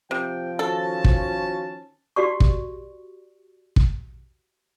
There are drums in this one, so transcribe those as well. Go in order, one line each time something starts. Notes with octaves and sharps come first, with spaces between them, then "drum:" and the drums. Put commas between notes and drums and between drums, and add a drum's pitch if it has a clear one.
C3 F3 G5
D#3 C#4 F#4 A4 A5
drum: kick
F#4 G4 D5 C#6
drum: kick
drum: kick